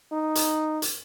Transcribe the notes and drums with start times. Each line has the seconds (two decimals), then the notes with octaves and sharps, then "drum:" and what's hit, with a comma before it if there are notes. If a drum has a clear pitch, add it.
0.12 D#4
0.35 drum: hi-hat
0.82 drum: hi-hat